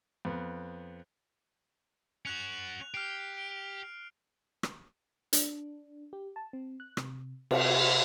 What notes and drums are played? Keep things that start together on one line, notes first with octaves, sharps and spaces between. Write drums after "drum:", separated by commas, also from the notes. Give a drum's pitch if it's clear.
F2 B3
C#4 F#4 F#6 F7
G4 F6 C7
F#6 D7
drum: rim click
D4, drum: hi-hat
G4
A5
C4
F#6
C3, drum: rim click
C3, drum: cymbal